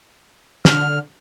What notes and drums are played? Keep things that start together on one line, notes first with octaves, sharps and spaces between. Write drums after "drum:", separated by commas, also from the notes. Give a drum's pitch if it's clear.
D3 F6, drum: snare